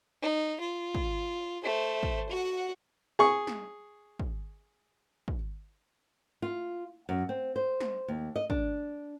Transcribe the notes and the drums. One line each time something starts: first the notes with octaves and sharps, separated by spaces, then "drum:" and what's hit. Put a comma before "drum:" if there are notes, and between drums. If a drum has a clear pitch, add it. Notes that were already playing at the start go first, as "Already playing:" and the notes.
D#4
F4
drum: kick
A3 C5
drum: kick
F#4 F#5
G#4 C#6
drum: snare
drum: kick
drum: kick
F4
F#2
C4
C5
drum: snare
D#2
D#5
D4, drum: kick